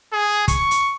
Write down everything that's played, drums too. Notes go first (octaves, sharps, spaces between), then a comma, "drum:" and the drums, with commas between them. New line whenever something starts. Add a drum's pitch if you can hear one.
G#4
C#6, drum: kick, hi-hat
drum: hi-hat